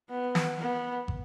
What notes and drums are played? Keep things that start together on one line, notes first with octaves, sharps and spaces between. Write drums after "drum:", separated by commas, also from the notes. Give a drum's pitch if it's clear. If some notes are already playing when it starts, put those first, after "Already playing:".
B3
drum: snare
B3
drum: kick